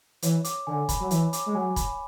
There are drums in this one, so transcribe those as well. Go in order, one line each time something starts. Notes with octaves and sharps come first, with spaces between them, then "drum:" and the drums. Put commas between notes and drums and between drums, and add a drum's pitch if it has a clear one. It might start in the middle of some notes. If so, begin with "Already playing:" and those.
E3 C#5, drum: hi-hat
D6, drum: hi-hat
D3 G#5
B5, drum: kick, hi-hat
F#3
E3 C#5, drum: hi-hat
D6, drum: hi-hat
G#3
F#3 G#5
B5, drum: kick, hi-hat